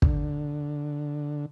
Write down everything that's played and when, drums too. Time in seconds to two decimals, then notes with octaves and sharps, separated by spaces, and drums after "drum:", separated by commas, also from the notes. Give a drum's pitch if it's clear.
0.02 D3, drum: kick